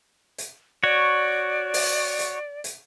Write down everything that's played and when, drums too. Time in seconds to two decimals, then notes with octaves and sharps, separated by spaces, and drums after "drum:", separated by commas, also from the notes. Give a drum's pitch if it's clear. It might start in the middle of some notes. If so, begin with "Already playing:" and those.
0.38 drum: hi-hat
0.83 F#4 C#5 D5
1.74 drum: open hi-hat
2.19 drum: hi-hat
2.64 drum: hi-hat